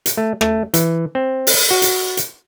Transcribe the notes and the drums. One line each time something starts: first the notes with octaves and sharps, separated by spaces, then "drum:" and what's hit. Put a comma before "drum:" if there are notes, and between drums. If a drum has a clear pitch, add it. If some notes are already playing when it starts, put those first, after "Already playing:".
drum: hi-hat
A3
A3, drum: rim click
E3, drum: hi-hat
C4
drum: open hi-hat
F#4
drum: hi-hat
drum: hi-hat